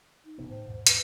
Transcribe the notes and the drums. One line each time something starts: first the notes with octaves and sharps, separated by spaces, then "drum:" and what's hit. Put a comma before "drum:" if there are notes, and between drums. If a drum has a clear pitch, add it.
D#4
E1 C3 B3
A2 C5
D#2 G#2 B2
B4, drum: hi-hat